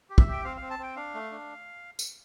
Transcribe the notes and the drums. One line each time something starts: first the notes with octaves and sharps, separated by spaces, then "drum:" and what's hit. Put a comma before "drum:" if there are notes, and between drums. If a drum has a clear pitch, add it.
G4
E5, drum: kick
G4
G5
C4 F5
C4 F5
A5
C4 G5
D4 F5
A3
D4
drum: tambourine